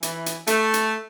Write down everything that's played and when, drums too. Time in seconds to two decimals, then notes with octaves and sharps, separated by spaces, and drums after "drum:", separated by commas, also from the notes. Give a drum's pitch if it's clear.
0.03 E3, drum: hi-hat
0.26 drum: hi-hat
0.47 A3, drum: hi-hat
0.74 drum: hi-hat